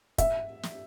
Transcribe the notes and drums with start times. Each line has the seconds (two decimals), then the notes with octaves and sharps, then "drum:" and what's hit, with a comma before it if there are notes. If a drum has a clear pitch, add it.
0.18 E5, drum: kick, hi-hat
0.63 drum: snare